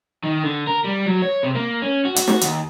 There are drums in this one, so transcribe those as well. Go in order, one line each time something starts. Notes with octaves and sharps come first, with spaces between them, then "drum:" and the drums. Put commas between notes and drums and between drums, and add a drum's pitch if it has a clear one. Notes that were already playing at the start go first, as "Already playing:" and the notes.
D#3
D3
A#4
G3
F#3
C#5
C3
A#3
C#4
F#4
F#4, drum: hi-hat
drum: snare
D#2, drum: hi-hat